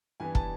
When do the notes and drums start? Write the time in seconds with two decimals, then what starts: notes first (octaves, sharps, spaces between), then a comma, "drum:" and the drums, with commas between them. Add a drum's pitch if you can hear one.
0.20 G2 E3 G3 B3 G#5
0.35 A5, drum: kick